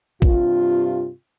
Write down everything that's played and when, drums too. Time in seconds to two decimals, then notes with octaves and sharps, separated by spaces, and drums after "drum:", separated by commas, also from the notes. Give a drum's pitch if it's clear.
0.22 G2 C3 F4, drum: kick